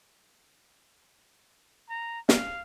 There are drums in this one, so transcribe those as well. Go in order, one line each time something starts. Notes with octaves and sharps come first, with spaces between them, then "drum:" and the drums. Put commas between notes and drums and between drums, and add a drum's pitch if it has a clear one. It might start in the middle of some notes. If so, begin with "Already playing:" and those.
A#5
F5, drum: snare